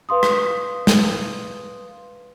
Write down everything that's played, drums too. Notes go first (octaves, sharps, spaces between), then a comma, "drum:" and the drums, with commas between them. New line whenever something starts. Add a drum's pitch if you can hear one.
B4 F5 C6 D#6
drum: rim click
drum: snare